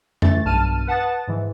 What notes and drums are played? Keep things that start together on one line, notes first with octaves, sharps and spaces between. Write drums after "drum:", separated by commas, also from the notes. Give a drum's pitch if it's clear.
E3 A3 A6, drum: tom F2
B1 G2 A5 F6 D#7
B4 F#5 A5 D#6 A6
G#2 E3